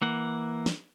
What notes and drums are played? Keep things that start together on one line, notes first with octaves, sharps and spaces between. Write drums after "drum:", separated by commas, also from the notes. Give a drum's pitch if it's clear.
E3 A#3 F#5
drum: snare